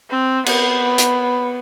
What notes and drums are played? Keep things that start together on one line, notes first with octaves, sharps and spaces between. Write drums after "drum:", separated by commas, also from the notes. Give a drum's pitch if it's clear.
C4
B3, drum: cymbal
drum: hi-hat